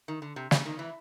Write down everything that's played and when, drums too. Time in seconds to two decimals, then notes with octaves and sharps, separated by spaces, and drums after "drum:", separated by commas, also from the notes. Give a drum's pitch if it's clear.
0.08 D#3
0.22 D3
0.36 C3
0.51 C#3, drum: snare
0.65 D#3
0.79 E3